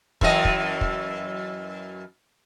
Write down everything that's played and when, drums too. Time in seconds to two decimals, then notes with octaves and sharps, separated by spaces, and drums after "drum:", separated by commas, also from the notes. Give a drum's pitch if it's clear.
0.21 F#2 E3 D#5, drum: kick
0.45 drum: kick
0.81 drum: kick